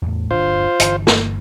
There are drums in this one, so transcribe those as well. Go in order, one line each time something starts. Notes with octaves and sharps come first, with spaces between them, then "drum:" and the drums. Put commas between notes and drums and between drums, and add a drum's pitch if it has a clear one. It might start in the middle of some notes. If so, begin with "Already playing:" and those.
E2 A2
D1 G1 D4 F4 C5
G1 E3, drum: hi-hat
drum: snare